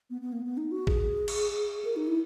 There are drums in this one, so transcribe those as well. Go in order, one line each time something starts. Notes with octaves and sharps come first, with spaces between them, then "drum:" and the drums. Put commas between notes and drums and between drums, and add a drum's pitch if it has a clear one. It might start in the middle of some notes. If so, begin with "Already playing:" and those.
B3
B3
A#3
B3
D#4
F#4
G#4, drum: kick
drum: cymbal
A#4
D#4
E4